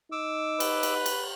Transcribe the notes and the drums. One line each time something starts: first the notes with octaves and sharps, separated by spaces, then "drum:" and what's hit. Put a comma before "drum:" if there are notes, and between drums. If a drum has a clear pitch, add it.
D#4 D6 E6
B4, drum: cymbal
drum: cymbal
drum: cymbal